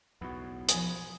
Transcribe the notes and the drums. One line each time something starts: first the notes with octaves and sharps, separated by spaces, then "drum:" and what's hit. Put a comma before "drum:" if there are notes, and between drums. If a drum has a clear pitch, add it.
B1 E2 A2 B3 F#4
F3 G#5 D#6, drum: hi-hat